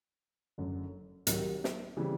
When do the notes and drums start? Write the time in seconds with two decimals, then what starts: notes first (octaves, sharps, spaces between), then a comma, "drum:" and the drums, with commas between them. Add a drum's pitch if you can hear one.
0.58 F#1 F#2 D3
1.27 C2 C3 D#3 F#3, drum: hi-hat
1.64 drum: snare
1.97 C#3 E3 G3 C4